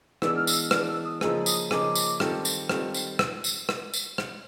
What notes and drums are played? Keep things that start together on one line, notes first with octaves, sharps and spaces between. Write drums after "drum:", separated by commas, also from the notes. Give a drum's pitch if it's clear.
E3 G#3 B3 D4 E6, drum: rim click
F6
E6, drum: tambourine
E3 G#3 B3 D4 F6, drum: rim click
E6
D#6
C#3 F3 A#3 D#4 G#4 E6, drum: rim click
D#6, drum: tambourine
C#3 F3 A#3 D#4 G#4 D6, drum: rim click
drum: tambourine
D#3 G3 C4 F4 A4, drum: rim click
drum: tambourine
D#3 G3 C4 F4 A4, drum: rim click
drum: tambourine
drum: rim click
drum: tambourine
drum: rim click
drum: tambourine
drum: rim click